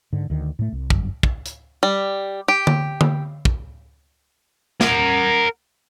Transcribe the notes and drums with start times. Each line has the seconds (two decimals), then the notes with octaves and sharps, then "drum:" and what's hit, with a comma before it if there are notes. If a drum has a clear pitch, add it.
0.13 G#2 D3
0.30 D2 D#3
0.59 A2 A3
0.72 C2
0.90 G1 F#2 D3, drum: kick
1.23 drum: kick
1.46 drum: hi-hat
1.83 G3
2.48 G4
2.67 drum: tom D3
3.01 drum: tom D3
3.45 drum: kick
4.81 A#4 F#5, drum: snare